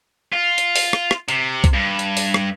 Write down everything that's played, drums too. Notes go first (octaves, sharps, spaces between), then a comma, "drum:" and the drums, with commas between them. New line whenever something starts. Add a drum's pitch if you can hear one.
F4
drum: hi-hat
drum: open hi-hat
drum: rim click
drum: rim click
C3, drum: hi-hat
drum: kick B1, hi-hat
G2
drum: hi-hat
drum: open hi-hat
drum: rim click